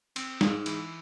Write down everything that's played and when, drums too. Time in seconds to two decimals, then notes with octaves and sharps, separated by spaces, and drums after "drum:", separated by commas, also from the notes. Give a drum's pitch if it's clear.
0.16 C4, drum: cymbal
0.41 G#2, drum: snare
0.66 E3, drum: cymbal